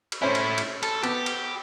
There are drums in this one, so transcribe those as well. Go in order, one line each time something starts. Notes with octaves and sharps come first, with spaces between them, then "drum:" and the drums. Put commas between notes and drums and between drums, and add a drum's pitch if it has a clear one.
drum: cymbal
A3 C#4 E4 C5
drum: cymbal
drum: cymbal
A4, drum: cymbal
B3 G4, drum: cymbal
drum: cymbal